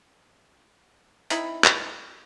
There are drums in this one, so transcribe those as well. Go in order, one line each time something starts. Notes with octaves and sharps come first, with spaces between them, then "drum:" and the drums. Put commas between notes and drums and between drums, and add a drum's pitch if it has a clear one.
C4 D#4 E4 B5, drum: hi-hat
drum: clap